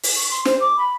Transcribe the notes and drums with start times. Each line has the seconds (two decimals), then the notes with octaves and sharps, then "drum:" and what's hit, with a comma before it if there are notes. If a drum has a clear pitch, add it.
0.03 drum: open hi-hat
0.16 C#6
0.30 C6
0.45 C5, drum: snare
0.60 D6
0.77 B5